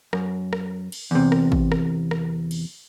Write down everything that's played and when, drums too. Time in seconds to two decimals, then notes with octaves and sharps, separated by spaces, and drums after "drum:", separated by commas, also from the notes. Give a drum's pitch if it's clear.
0.13 F#2, drum: rim click
0.53 drum: rim click
0.92 drum: cymbal
1.11 E2 C3
1.32 drum: rim click
1.52 drum: kick
1.72 drum: rim click
2.11 drum: rim click
2.51 drum: cymbal